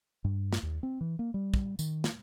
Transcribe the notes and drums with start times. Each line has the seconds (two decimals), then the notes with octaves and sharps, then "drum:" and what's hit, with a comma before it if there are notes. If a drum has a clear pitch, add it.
0.24 G2
0.53 drum: snare
0.63 D#2
0.83 C4
1.01 E3
1.19 A#3
1.34 G3
1.54 drum: kick
1.79 D#3, drum: tambourine
2.04 drum: snare